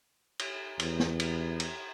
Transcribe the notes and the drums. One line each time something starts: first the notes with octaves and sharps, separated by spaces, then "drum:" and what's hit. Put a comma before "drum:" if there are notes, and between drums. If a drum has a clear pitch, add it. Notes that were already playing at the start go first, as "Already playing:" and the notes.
drum: cymbal
E2, drum: cymbal
drum: snare
drum: cymbal
drum: cymbal